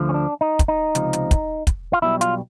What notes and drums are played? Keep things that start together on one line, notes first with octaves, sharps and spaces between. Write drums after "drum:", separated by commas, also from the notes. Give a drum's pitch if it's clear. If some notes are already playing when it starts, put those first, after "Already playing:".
Already playing: D2 D3 F3
C#4
D4
D#4
drum: kick, hi-hat
D#4
C#2 C3 F3, drum: hi-hat
drum: hi-hat
drum: kick, hi-hat
drum: kick, hi-hat
F4
B1 B2 G3 E4
F4, drum: hi-hat